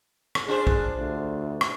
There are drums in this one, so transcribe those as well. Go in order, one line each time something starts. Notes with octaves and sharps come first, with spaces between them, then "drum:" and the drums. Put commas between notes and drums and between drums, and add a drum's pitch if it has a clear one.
drum: rim click
D4 F4 G#4 C5
drum: kick
D2
drum: rim click